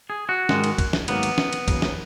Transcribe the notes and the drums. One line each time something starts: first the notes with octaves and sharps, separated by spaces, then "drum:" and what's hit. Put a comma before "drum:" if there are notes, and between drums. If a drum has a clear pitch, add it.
G#4
F#4
G#2 D#3 G#3, drum: snare
drum: cymbal
drum: kick, cymbal
drum: snare
G#2 D#3 F#3 A#3 B3, drum: cymbal
drum: cymbal
drum: snare
drum: cymbal
D#2 C#3 F#3, drum: kick, cymbal
drum: snare